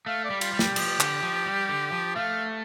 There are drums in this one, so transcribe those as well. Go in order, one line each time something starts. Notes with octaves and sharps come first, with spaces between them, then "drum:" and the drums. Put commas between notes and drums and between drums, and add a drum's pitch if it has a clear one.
A3 F5
D5
G3
F4, drum: cymbal
G3
G4, drum: snare
F3, drum: cymbal
D3, drum: clap
F3
G3
D3
F3
A3 F5